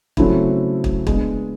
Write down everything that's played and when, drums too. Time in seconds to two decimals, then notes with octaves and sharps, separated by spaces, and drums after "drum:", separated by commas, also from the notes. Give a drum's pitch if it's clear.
0.17 C#3 F#3 A3 C4 E4, drum: kick
0.84 drum: kick
1.07 G#3 B3 D4, drum: kick